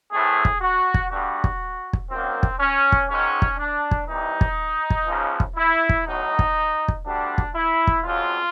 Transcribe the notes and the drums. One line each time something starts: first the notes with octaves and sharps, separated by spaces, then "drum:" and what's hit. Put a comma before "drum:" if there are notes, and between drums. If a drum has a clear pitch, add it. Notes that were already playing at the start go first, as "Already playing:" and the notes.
A2 E3 A3 C4 G#4
drum: kick
F#4
drum: kick
G2 D3 G3 B3 F#4
drum: kick
drum: kick
F#2 D#3 F#3 A#3 C4
drum: kick
C#4
drum: kick
G#2 D#3 G#3 C#4
drum: kick
D4
drum: kick
C2 C3 E3 D#4
drum: kick
drum: kick
C#2 C#3 F3
drum: kick
E4
drum: kick
B1 A2 F#3 D#4
drum: kick
drum: kick
D2 D3 G3 D4
drum: kick
E4
drum: kick
F2 C#3 F#3 F4